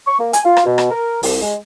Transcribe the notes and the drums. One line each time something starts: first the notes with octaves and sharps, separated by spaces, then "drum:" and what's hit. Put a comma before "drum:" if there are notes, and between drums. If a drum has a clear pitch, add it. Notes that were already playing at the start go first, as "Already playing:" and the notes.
C#6
A#3
G#5, drum: hi-hat
F4
drum: rim click
B2
drum: rim click
A#4
C2, drum: open hi-hat
G#3